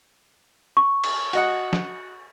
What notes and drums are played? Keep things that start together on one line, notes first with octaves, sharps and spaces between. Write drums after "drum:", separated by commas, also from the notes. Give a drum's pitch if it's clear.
C#6
drum: cymbal
F#4 D#5 F#5, drum: hi-hat
drum: snare